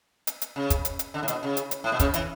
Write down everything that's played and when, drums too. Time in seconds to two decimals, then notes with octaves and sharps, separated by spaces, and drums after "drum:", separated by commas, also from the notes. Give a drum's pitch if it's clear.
0.27 drum: hi-hat
0.42 drum: hi-hat
0.56 C#3
0.70 drum: kick, hi-hat
0.85 drum: hi-hat
0.99 drum: hi-hat
1.14 D3
1.23 A2
1.28 B2, drum: hi-hat
1.43 C#3
1.57 drum: hi-hat
1.71 drum: hi-hat
1.84 A2
1.92 B2
2.00 C#3, drum: kick, hi-hat
2.14 E3, drum: hi-hat